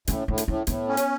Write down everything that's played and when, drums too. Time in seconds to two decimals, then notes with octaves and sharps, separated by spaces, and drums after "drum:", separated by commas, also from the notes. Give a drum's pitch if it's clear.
0.07 A2 C#4, drum: hi-hat
0.28 A2 D4
0.38 drum: hi-hat
0.47 A2 C#4
0.67 A2 B3, drum: hi-hat
0.88 C#4
0.97 drum: hi-hat